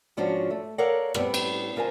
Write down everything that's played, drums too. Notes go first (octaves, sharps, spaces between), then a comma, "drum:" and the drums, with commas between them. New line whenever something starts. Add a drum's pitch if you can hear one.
G#2 F3 C#4 D4 F4 F#4
A3
A4 A#4 C#5 D5 F5 F#5
A2 G3 B3 C4, drum: rim click
drum: cymbal
D2 F4 A#4 C5 G#5